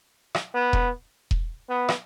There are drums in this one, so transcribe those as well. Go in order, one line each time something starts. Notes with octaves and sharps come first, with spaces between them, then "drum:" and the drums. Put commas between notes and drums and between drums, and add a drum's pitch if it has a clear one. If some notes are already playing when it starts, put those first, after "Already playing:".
drum: rim click
B3
drum: kick E1
drum: kick E1
B3
drum: rim click